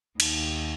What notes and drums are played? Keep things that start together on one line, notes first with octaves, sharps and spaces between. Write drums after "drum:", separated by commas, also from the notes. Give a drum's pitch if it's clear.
D#2 D#3, drum: cymbal